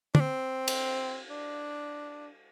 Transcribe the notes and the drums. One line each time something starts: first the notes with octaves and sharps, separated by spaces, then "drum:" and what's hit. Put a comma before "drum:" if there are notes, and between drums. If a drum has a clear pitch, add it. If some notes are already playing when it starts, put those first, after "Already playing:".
D4, drum: tom
C4
drum: cymbal
D4